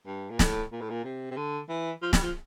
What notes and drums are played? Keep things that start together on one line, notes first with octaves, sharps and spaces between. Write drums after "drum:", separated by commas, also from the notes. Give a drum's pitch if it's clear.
G2
A#2
A2, drum: snare
A#2
A2
A#2
C3
C3
D3
E3
F3
G3, drum: snare
F3